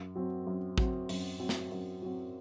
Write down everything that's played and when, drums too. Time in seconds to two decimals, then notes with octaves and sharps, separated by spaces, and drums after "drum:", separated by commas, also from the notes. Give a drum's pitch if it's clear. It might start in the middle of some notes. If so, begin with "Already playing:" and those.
Already playing: F#2
0.15 F#3 C4
0.47 F#2
0.78 F#3 C4, drum: kick A1
1.09 F#2, drum: open hi-hat
1.39 F#3 C4
1.49 drum: snare
1.71 F#2
2.02 F#3 C4